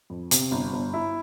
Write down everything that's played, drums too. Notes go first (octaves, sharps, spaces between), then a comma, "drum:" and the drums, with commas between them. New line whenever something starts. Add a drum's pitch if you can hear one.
F2
C3, drum: hi-hat
G1
G1
E4